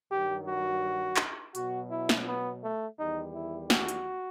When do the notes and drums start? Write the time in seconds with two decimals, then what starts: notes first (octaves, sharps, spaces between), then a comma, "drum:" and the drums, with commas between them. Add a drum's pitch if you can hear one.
0.11 G2 D#3 F#3 G4
0.47 F#4
1.17 drum: clap
1.55 B2 F#3 F#4, drum: hi-hat
1.91 E4
2.09 drum: snare
2.27 B3
2.62 A3
2.98 E2 D#3 G3 D#4
3.34 E4
3.70 F#4, drum: snare
3.88 drum: hi-hat